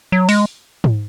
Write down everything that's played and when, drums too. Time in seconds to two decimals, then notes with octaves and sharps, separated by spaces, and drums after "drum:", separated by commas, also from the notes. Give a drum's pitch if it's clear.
0.12 F#3
0.29 G#3, drum: open hi-hat
0.84 drum: tom G#2